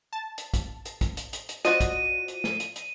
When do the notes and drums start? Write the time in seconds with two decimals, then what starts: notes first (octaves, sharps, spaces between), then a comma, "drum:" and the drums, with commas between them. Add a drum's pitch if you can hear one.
0.13 A5
0.38 drum: hi-hat
0.54 drum: kick, hi-hat
0.85 drum: hi-hat
1.01 drum: kick, hi-hat
1.17 drum: hi-hat
1.33 drum: hi-hat
1.49 drum: hi-hat
1.65 F4 F#4 C5 D5 D#5 D#7, drum: hi-hat
1.80 drum: kick, hi-hat
2.28 drum: hi-hat
2.44 drum: snare
2.60 drum: hi-hat
2.76 drum: hi-hat